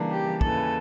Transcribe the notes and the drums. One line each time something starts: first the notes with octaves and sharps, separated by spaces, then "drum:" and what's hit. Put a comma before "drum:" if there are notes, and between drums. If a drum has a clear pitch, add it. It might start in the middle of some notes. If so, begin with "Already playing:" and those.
Already playing: C#3 E3 G3 A#3 D4
G4
D#2 C#3 E3 A4, drum: kick